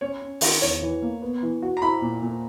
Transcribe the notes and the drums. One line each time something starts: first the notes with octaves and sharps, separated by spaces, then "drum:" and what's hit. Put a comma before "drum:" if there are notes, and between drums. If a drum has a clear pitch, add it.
C#4 C#5
C#4
D#3, drum: open hi-hat
E2 C#5
E3
A#3
B3
E3
F#4
A#5
E4 B5
A#2
A#2